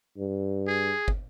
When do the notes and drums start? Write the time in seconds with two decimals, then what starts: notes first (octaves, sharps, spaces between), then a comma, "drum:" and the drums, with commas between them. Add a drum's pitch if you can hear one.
0.17 G2
0.68 G#4
1.08 drum: kick